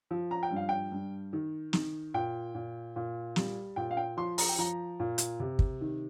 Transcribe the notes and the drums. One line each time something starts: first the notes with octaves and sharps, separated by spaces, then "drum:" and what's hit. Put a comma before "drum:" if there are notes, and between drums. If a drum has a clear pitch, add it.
F3
A#5
G5
G2
F5
G5
G2
D#3
D#3, drum: snare
A#2 G5
A#2
A#2
G3, drum: snare
A#2 G5
F5
G5
F3 C6
A#5, drum: open hi-hat
G5
F3 A#5
A#2
drum: hi-hat
C3
drum: kick
D#3